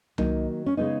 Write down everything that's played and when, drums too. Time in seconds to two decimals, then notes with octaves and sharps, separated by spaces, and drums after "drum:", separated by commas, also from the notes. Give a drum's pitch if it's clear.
0.18 D#3 F#3 A#3 D#4, drum: tom C2
0.66 C#4
0.77 C#3 G#3 B3 D#4